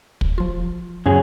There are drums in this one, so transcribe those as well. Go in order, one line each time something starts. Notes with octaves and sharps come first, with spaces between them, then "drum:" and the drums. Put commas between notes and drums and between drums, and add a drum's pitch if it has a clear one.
drum: kick
F3 F4
F#2 C#3 F#3 G#4